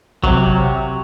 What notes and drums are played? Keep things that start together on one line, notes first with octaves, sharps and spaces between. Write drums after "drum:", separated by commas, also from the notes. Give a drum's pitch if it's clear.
C3 F#3, drum: kick